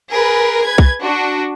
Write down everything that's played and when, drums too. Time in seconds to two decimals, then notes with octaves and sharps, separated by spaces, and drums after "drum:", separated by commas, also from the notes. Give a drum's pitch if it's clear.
0.11 G#4 A#4 B4
0.64 B4 G#6
0.78 drum: kick C2
1.01 D4 F#4